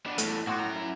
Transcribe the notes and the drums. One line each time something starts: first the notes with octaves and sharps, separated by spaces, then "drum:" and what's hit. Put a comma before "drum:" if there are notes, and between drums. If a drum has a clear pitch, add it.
B3 D4
E2 A2 A3, drum: hi-hat
A2 F#4 C6 D6
F#2 A#5
E4